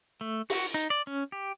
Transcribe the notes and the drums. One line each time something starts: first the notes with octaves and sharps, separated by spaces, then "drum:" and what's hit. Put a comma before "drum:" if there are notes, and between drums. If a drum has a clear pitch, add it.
A3
F#4, drum: open hi-hat
D#4
D5
C#4
G4